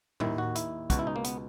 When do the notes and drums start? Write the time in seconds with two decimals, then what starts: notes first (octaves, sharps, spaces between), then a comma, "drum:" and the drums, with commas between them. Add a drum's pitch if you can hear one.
0.20 D#2 D#3 E4, drum: tom A2
0.38 F#4
0.55 E4, drum: hi-hat
0.90 C#2 B2 F#4, drum: kick, hi-hat
0.99 E4
1.07 D#4
1.16 A#3
1.24 B3, drum: hi-hat